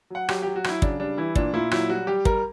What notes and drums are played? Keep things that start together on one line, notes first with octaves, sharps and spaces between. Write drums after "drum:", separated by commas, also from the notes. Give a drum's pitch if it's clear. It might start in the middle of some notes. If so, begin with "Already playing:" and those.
F#3 F#5
F#3 G4, drum: rim click
F#3 G4
F#4
F#3 E4, drum: rim click
C#3 D4, drum: kick
G3 D4
E3 E4
A#2 D4, drum: kick
A#2 E4
F#3 E4, drum: rim click
G3 F#4
G3 G4
G3 A#4, drum: kick